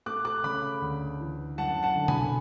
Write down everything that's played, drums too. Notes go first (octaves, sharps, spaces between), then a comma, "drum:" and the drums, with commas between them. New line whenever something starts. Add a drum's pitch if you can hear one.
A3 D6 F#6
D6 F#6
C#3 B5 D6
D2
E3
F#2 F#5 A5
F#5 A5
D3
G#5 B5, drum: tom B2